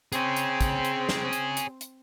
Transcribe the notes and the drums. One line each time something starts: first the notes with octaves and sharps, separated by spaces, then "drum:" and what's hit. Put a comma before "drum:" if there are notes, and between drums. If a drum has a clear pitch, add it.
C4 G#4 C#5, drum: hi-hat
drum: hi-hat
drum: kick, hi-hat
drum: hi-hat
drum: snare
drum: hi-hat
drum: hi-hat
drum: hi-hat